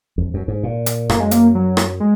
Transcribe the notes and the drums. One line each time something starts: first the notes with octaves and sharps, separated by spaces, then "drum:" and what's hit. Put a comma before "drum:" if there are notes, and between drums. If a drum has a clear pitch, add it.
F2
F#2
G#2
A#2
drum: hi-hat
F#2 A#3, drum: rim click
G#3
A#3, drum: hi-hat
F#3
drum: rim click
G#3